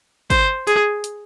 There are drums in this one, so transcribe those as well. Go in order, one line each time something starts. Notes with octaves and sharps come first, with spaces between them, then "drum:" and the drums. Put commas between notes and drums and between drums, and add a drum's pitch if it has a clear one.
C5, drum: kick G#1, hi-hat
G#4, drum: hi-hat
drum: hi-hat